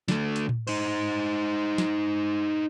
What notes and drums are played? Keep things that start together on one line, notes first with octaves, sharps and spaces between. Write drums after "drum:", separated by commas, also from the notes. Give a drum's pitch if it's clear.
D3 A3, drum: snare
drum: hi-hat
drum: tom A2
D#4 C5, drum: cymbal
drum: snare